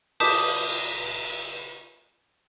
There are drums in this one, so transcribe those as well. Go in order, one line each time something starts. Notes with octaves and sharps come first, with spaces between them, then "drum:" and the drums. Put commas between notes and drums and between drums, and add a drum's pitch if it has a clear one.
A5 D6 D#6 G6 B6, drum: cymbal